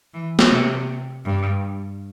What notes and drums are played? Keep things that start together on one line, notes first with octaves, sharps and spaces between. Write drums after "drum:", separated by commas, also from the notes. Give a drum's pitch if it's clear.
E3
drum: snare
C3
G2